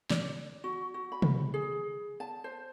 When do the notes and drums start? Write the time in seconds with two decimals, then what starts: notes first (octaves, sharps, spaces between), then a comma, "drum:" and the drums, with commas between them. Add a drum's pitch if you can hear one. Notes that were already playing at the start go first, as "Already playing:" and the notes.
0.10 D5, drum: snare
0.64 F#4
0.94 F#4
1.12 B5
1.22 drum: tom
1.54 G#4
2.20 A5
2.44 C5